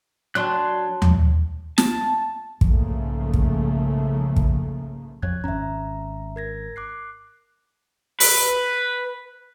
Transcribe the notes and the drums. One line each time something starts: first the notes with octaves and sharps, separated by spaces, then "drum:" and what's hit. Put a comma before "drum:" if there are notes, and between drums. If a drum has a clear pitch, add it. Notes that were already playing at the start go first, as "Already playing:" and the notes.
F#3 D4 A5 C6 F#6
drum: tom D#2
A5, drum: snare
B1 G#2 C#3 F3 A3 A#3, drum: kick
drum: kick
drum: kick
F2 C#5 F#6 G#6
G#1 C#4 E5 A#5
A#4 G#6 A#6
D6 F#6 C7
B4, drum: open hi-hat